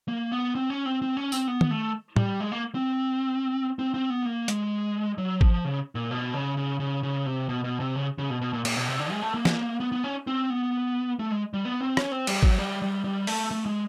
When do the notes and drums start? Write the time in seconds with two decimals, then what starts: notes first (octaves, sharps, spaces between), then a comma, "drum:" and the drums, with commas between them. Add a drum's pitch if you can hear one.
0.08 A#3
0.32 B3
0.55 C4
0.70 C#4
0.85 C4
1.02 C4
1.17 C#4
1.32 C4, drum: tambourine
1.48 B3
1.61 drum: tom D#3
1.71 A3
2.16 G3, drum: tom
2.40 G#3
2.52 A#3
2.75 C4
3.79 C4
3.94 C4
4.10 B3
4.25 A#3
4.48 G#3, drum: hi-hat
5.18 F#3
5.41 F3, drum: kick
5.65 C#3
5.95 A#2
6.11 B2
6.34 C#3
6.57 C#3
6.80 C#3
7.03 C#3
7.26 C3
7.49 B2
7.64 B2
7.80 C3
7.96 C#3
8.18 C#3
8.30 B2
8.41 B2
8.53 A#2
8.65 A#2, drum: cymbal
8.77 B2
8.88 C3
8.99 D3
9.11 G#3
9.22 A3
9.34 A#3
9.45 drum: snare
9.80 B3
9.92 B3
10.04 C#4
10.27 C4
10.50 B3
11.19 A3
11.31 G#3
11.53 G3
11.65 B3
11.81 C4
11.97 C#4, drum: rim click
12.12 C4
12.27 G3, drum: cymbal
12.43 F#3, drum: kick
12.59 G3
12.82 G3
13.04 G3
13.27 A3, drum: open hi-hat
13.51 A3
13.66 G#3